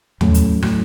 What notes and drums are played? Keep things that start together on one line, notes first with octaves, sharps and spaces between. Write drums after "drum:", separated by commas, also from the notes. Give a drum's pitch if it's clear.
A2 F#3 A3 C#4, drum: tom
drum: hi-hat
A2 F#3 A3 C#4, drum: rim click